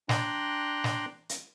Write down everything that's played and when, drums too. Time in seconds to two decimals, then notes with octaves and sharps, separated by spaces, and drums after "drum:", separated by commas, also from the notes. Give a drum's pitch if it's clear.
0.09 D4 G5 A#5 C6 F#6, drum: snare
0.84 drum: snare
1.29 drum: hi-hat